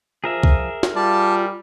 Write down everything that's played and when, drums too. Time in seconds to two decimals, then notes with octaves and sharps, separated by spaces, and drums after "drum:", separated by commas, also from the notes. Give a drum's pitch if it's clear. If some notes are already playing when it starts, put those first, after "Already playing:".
0.24 F3 G#4 A#4 E5
0.43 drum: kick C2
0.83 drum: snare
0.96 G3 F4 D5 A5